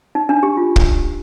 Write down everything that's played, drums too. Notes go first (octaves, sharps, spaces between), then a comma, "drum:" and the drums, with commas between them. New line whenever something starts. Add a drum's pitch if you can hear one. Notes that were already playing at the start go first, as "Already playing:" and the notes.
D#4
D4
G4
F4
drum: kick